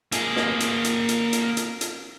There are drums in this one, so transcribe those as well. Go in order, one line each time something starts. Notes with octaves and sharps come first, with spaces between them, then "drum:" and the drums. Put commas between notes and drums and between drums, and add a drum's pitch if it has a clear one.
A#3 G#4, drum: hi-hat
drum: snare
drum: hi-hat
drum: hi-hat
drum: hi-hat
drum: hi-hat
drum: hi-hat
drum: hi-hat